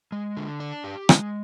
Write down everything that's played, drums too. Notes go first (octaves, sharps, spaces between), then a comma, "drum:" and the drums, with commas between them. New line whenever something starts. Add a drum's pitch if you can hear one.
G#3
D3
D4
G4
G#3, drum: rim click